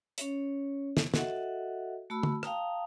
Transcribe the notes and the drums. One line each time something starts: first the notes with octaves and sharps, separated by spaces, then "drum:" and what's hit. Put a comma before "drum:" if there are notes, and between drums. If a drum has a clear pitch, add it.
C#4 C#5, drum: hi-hat
drum: snare
F#4 A4 D#5 E5 F#5, drum: snare
A3 F#4 A5 B5 E6
drum: tom
F5 G5 A5 A#5 D#6, drum: rim click